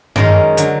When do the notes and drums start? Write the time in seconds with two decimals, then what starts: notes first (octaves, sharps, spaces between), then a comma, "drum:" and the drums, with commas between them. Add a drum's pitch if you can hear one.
0.16 F#2 D#3 G#3 C#4 A#4, drum: tom G2
0.57 D3 F#3, drum: hi-hat